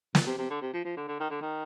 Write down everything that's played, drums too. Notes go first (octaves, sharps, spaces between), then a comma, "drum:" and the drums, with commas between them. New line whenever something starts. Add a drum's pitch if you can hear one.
A#2, drum: snare
C3
C3
D3
C3
F3
F3
D3
D3
D#3
D3
D#3